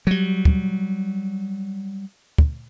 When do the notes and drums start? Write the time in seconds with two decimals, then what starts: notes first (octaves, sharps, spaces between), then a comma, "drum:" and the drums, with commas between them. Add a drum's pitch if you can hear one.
0.07 F#3 G3
0.45 drum: kick
2.38 drum: kick